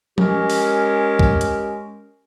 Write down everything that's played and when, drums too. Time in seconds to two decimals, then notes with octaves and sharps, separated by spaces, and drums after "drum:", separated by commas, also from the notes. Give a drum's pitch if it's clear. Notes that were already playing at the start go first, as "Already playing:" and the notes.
0.18 G#3 C#4 G4 A#4, drum: tom F3
0.50 drum: open hi-hat
1.19 drum: kick
1.41 drum: hi-hat